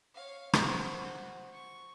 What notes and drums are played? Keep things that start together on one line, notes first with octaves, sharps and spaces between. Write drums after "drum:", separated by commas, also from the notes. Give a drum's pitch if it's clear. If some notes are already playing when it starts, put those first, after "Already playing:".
C#5 F5
F#4 C5, drum: rim click
C#6